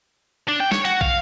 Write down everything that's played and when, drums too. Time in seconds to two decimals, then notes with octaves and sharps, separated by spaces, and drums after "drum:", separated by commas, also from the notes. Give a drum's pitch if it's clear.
0.48 D4
0.60 G5
0.72 C#5, drum: snare
0.85 F#4, drum: open hi-hat
1.01 F5, drum: kick